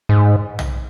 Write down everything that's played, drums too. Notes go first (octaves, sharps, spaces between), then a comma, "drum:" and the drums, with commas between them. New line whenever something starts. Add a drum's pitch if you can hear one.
G#2
drum: tom